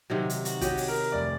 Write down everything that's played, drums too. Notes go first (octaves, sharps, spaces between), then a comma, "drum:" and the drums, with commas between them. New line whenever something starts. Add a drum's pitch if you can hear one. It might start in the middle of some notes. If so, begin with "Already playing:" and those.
C3 D#3 F#3
drum: hi-hat
F#4, drum: hi-hat
F#4 G4 C#5 D#5, drum: kick, hi-hat
drum: open hi-hat
A#4
F1 D5